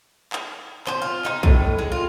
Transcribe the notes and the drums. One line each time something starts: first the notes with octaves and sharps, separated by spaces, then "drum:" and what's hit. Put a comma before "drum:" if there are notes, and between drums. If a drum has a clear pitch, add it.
drum: clap
C5, drum: clap
F4
D#4, drum: clap
A2, drum: kick B1
G#3
F4